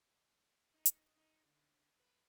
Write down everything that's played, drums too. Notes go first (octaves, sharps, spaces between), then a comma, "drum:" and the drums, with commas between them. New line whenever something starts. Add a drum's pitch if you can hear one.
D#4
drum: hi-hat
D#4
A2 D3
B4